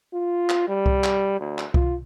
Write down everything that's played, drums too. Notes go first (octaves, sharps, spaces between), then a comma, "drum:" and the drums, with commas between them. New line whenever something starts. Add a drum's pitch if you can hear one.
F4
drum: clap
G3
drum: kick C2
drum: clap
D2
drum: clap
F4, drum: kick C2